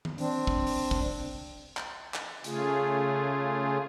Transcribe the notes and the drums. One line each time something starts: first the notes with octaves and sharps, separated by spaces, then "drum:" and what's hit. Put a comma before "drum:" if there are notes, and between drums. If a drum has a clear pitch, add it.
drum: tom D#3
C4 D4, drum: open hi-hat
drum: kick
drum: open hi-hat
drum: kick
drum: clap
drum: clap
C#3 A3 F4 G#4, drum: hi-hat